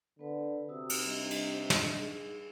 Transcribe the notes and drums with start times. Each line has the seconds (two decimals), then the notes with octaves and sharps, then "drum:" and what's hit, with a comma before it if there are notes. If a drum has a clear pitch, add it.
0.19 D3 B3 B4
0.69 C3 F#4 D#6 E6
0.90 drum: cymbal
1.05 G3 D4 D#5
1.31 drum: cymbal
1.70 drum: snare
2.00 G#4